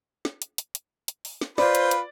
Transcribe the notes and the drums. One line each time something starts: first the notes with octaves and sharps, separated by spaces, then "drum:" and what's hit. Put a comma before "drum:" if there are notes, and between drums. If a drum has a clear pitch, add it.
drum: snare
drum: hi-hat
drum: hi-hat
drum: hi-hat
drum: hi-hat
drum: open hi-hat
drum: snare
F4 B4 C5 D5, drum: snare
drum: hi-hat
drum: hi-hat